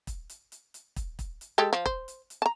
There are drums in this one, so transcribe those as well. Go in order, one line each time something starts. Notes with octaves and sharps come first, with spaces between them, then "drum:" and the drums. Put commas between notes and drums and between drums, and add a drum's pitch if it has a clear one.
drum: kick, hi-hat
drum: hi-hat
drum: hi-hat
drum: hi-hat
drum: kick, hi-hat
drum: kick, hi-hat
drum: hi-hat
G#3 G4 A4
F3
C5, drum: kick
drum: hi-hat
drum: hi-hat
A5 A#5